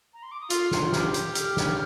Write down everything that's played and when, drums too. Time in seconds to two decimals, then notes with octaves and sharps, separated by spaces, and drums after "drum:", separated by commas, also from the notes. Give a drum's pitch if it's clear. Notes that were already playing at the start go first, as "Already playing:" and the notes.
0.14 A#5
0.23 C6
0.32 D6
0.41 D#6
0.50 F4 F6, drum: hi-hat
0.71 drum: snare
0.92 G4, drum: snare
1.14 drum: hi-hat
1.35 F6, drum: hi-hat
1.57 drum: snare